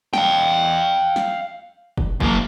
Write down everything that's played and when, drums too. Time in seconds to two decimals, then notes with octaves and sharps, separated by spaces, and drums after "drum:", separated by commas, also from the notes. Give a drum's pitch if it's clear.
0.13 F5 G5, drum: snare
1.16 drum: snare
1.97 drum: kick
2.20 F#2 A#3, drum: kick